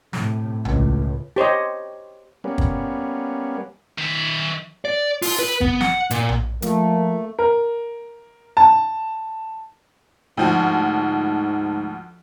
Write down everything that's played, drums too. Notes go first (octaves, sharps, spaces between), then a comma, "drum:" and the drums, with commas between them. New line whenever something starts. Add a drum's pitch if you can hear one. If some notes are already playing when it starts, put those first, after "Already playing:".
A2 C3, drum: snare
C#2 A2, drum: tom A#1
G4 C5 C#5 D#5
G3 A#3 B3 C#4
drum: kick
D#3 E5
D5
F4, drum: open hi-hat
B4
B3, drum: kick
F#5, drum: snare
A#2, drum: hi-hat
drum: tom A#1
F3 A3 A#3, drum: hi-hat
A#4
A5
D2 G#2 F3 F#4